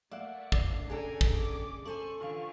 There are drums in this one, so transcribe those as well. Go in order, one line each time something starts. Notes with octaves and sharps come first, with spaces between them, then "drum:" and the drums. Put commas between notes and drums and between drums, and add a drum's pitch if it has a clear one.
A3 A#3 D5 E5 F#5
D4 C7, drum: kick
C#4 D4 G#4 A4 D5 G5 G#5 A#5
drum: kick
D6
A4 C5 G#5 C#6 F#7
D3 E3 F4 F5 C#6